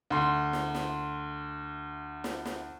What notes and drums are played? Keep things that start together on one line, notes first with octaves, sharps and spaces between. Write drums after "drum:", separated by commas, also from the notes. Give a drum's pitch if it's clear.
D2 C6
drum: snare
drum: snare
drum: snare
drum: snare